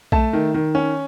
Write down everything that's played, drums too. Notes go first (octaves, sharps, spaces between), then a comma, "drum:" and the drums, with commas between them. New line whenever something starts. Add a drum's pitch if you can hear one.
A3 A5, drum: kick B1
D#3
D#3
C#4